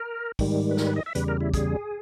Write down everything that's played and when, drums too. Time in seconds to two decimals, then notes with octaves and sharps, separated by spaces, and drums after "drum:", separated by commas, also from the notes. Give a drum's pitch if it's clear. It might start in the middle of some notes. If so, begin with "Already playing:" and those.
Already playing: A#4
0.39 G#2 D#3 G3, drum: kick, open hi-hat
0.71 B4
0.77 A#4, drum: snare
0.87 B4
0.96 D#5
1.06 E5
1.15 E2 C#3 G3 B4, drum: hi-hat
1.28 A#4
1.41 E4
1.54 G#4, drum: kick, hi-hat